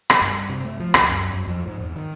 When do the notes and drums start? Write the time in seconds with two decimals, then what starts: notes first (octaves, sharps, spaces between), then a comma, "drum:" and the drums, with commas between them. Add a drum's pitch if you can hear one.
0.10 drum: rim click
0.22 G2
0.50 C3
0.64 A3
0.80 F3
0.94 C#2, drum: rim click
1.09 F#2
1.34 F#2
1.47 F2
1.67 G#2
1.80 E2
1.96 D#3